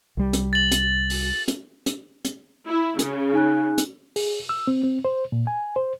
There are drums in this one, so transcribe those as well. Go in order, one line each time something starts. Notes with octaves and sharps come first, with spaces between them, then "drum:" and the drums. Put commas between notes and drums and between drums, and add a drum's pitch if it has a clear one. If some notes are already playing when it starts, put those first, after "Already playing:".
C2 G3
drum: hi-hat
A6 F#7
drum: hi-hat
drum: open hi-hat
drum: hi-hat
drum: hi-hat
drum: hi-hat
E4
C#3, drum: hi-hat
D#4 G#5 F#6
drum: hi-hat
G#4, drum: open hi-hat
E6
C4
C4
C5
A#2
G#5
C5